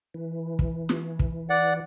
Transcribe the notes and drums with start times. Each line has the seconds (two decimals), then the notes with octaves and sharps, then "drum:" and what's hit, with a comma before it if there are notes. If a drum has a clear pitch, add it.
0.14 E3
0.59 drum: kick
0.89 drum: snare
1.19 drum: kick
1.50 D5 F#5